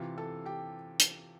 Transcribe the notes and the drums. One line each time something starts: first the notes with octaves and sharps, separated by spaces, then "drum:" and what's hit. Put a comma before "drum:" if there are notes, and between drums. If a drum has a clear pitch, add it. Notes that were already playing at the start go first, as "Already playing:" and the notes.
Already playing: C3 E3 F4 F5
A4 A5
G4 G5
drum: hi-hat